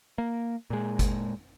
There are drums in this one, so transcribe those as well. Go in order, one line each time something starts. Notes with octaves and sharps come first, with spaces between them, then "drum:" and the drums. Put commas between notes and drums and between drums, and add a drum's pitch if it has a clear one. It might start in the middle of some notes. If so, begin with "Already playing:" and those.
A#3
A#2 G#3
drum: kick G1, hi-hat